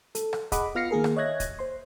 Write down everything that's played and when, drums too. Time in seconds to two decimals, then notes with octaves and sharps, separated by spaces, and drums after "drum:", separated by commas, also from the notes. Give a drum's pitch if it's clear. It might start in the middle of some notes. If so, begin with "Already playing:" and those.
0.15 A4, drum: hi-hat
0.33 drum: rim click
0.52 G#4 D#5 F#5 B5 D6, drum: kick, hi-hat
0.75 B3 F4 F6 A#6 C7 C#7
0.91 D#3 A#3 G#4 A#4
1.04 drum: rim click
1.17 C#5 D#5 E5 F#6 G#6 A#6
1.40 drum: kick, hi-hat
1.59 C5 C6